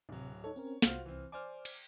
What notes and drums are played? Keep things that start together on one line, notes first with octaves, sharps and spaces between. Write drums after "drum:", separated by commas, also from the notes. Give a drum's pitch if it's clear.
D1 C3 F#3
D#4 A4 C#5
C4 C#4 A#4
C2 F4 F#4 C5 F6, drum: snare
E3 C4
C5 D5 G#5 D6 F6
drum: cymbal